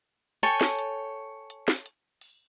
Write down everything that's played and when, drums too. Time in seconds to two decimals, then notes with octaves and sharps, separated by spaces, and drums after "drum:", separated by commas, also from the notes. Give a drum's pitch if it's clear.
0.43 A4 C#5 G5 G#5, drum: hi-hat
0.61 drum: snare
0.79 drum: hi-hat
1.50 drum: hi-hat
1.68 drum: snare
1.86 drum: hi-hat
2.21 drum: open hi-hat